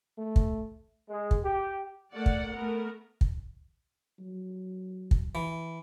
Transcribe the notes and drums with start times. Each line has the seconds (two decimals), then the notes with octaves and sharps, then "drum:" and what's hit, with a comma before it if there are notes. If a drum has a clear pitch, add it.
0.18 A3
0.36 drum: kick
1.09 G#3
1.31 drum: kick
1.44 G4
2.14 A3 A#3 D5 F#5
2.26 drum: kick
2.53 A3 B3 A#4
3.21 drum: kick
4.20 F#3
5.11 drum: kick
5.35 E3